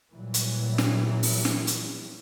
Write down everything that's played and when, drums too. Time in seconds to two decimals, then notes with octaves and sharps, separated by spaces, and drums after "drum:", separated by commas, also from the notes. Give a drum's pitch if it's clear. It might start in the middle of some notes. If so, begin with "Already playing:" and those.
0.12 A#2 E3 F#3 G3
0.34 drum: hi-hat
0.78 drum: snare
1.23 drum: open hi-hat
1.45 drum: snare
1.67 drum: hi-hat